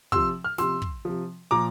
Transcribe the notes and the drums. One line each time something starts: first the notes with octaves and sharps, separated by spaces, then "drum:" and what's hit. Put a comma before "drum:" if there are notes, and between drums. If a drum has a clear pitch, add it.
C3 F3 C6 E6, drum: kick
F6
C3 F3 C6 E6, drum: snare
drum: kick
C3 F3
A#2 F3 A#5 D6